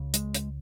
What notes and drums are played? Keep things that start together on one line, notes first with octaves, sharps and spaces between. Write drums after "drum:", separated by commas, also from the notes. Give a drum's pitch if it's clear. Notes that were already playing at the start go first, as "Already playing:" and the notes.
Already playing: C#2 C#3
G#3, drum: hi-hat
drum: hi-hat